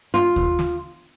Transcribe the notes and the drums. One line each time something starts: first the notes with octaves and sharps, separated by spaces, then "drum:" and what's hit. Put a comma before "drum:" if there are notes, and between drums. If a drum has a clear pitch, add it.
F4
drum: kick D#2
drum: snare